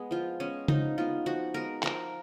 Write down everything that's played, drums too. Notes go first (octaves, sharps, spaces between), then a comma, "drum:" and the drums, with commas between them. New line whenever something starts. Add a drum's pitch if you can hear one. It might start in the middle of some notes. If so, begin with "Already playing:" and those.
Already playing: G#3 B3 G#4
F3 F4
G#3 B3 C#4
F3 D#4, drum: tom C#3
G#3 B3 F4
F3 F#4
G#3 B3 A#4
F3 A#4, drum: clap